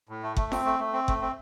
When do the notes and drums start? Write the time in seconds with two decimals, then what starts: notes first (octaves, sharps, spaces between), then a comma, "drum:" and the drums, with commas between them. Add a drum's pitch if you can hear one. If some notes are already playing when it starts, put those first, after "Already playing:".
0.09 A2
0.23 A3
0.37 A3, drum: kick F#1
0.52 C4, drum: snare F4
0.65 A3
0.80 A3
0.93 C4
1.08 A3, drum: kick F#1
1.22 C4